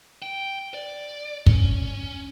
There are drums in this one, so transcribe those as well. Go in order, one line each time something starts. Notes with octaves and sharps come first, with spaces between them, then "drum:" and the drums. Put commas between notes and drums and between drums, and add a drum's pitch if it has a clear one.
G5
D5
C#4, drum: kick